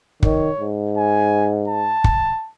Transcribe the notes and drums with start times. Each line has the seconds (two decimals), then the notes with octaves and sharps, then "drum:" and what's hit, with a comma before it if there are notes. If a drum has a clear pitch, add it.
0.23 D#3 C#5, drum: kick
0.59 G#2
0.98 G#5
1.68 A5
2.04 drum: kick